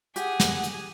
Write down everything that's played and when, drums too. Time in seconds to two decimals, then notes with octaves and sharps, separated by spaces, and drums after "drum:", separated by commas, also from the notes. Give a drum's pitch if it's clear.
0.16 G4 G#4 F#5, drum: hi-hat
0.40 drum: snare
0.63 drum: hi-hat